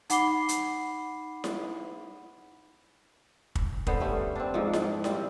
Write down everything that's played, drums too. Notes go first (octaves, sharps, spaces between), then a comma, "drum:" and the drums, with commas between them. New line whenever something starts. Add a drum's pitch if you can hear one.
D#4 F#5 B5 D6 C7 G7, drum: hi-hat
drum: hi-hat
drum: snare E4
drum: kick
D3 B3 C5, drum: kick
G3 A3 C#4
C4 D4
G#2 F3
G#2, drum: snare E4
G3 C4, drum: snare E4